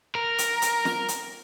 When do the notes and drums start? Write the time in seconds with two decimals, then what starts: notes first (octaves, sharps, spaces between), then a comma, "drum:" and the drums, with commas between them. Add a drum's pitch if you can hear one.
0.15 A#4
0.38 drum: hi-hat
0.62 drum: hi-hat
0.85 drum: snare
1.08 drum: hi-hat